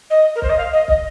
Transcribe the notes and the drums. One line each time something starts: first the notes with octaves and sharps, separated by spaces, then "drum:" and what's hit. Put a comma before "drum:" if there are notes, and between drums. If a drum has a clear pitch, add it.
D#5
A#4
C5, drum: kick
D#5
F5
D#5
D#5, drum: kick